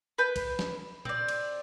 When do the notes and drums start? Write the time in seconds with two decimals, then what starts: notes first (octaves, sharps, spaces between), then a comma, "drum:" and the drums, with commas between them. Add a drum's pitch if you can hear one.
0.18 B4 G6
0.36 drum: kick, cymbal
0.59 drum: snare
1.05 C4 D5, drum: tom A#2
1.28 drum: cymbal